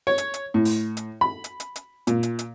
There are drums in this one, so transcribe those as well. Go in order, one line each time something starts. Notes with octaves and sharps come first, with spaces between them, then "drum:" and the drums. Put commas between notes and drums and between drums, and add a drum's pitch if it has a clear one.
C#5
drum: hi-hat
drum: hi-hat
A2
drum: open hi-hat
drum: hi-hat
B5
drum: hi-hat
drum: hi-hat
drum: hi-hat
A#2, drum: hi-hat
drum: hi-hat
drum: hi-hat